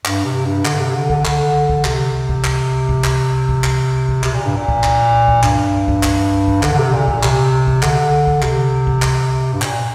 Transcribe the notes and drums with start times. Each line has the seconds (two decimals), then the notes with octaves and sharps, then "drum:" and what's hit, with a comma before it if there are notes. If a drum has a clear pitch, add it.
0.05 G2, drum: clap
0.25 C3
0.46 G2
0.65 D3, drum: clap
0.80 C3
0.95 D3
1.10 D3, drum: kick C2
1.25 D3, drum: clap
1.70 drum: kick C2
1.85 C3, drum: clap
2.29 drum: kick C2
2.44 drum: clap
2.89 drum: kick C2
3.04 drum: clap
3.49 drum: kick C2
3.64 drum: clap
4.09 drum: kick C2
4.23 C3, drum: clap
4.34 A#2
4.45 G2
4.56 A#2
4.69 drum: kick C2
4.83 drum: clap
5.28 drum: kick C2
5.43 G2, drum: clap
5.88 drum: kick C2
6.03 drum: clap
6.48 drum: kick C2
6.63 D3, drum: clap
6.73 D3
6.78 C3
6.93 A#2
7.08 A#2, drum: kick C2
7.23 C3, drum: clap
7.68 drum: kick C2
7.83 D3, drum: clap
8.27 drum: kick C2
8.42 C3, drum: clap
8.87 drum: kick C2
9.02 drum: clap
9.53 G2
9.62 A#2, drum: clap